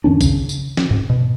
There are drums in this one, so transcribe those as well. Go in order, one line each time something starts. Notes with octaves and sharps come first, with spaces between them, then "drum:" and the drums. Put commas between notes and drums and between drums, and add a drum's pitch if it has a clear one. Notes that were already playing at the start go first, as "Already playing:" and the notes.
F#2 D#3 C#4 D4
C#3, drum: kick, tambourine
drum: tambourine
drum: snare
G#2
B2